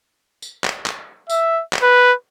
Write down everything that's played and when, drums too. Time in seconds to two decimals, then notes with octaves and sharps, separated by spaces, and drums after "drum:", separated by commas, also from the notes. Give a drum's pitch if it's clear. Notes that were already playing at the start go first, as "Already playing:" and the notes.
0.42 drum: tambourine
0.64 drum: clap
0.86 drum: clap
1.30 E5, drum: tambourine
1.73 drum: clap
1.82 B4